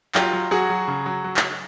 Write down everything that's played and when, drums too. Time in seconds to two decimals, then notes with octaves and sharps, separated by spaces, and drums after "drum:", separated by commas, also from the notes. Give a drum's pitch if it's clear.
0.15 F#3 F4 G4, drum: clap
0.33 F#3
0.51 F#3 F#4 G#4
0.70 F#3
0.88 C#3
1.06 F#3
1.24 F#3
1.37 drum: clap